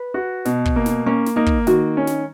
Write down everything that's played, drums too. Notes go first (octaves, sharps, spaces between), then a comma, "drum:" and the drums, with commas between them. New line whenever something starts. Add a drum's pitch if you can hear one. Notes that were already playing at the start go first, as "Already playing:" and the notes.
Already playing: B4
F#4
B2, drum: snare
drum: kick
A#3
drum: snare
A#3 C#4
drum: snare
A#3 D#4
drum: kick
D#3 F#4, drum: snare
C#4
drum: snare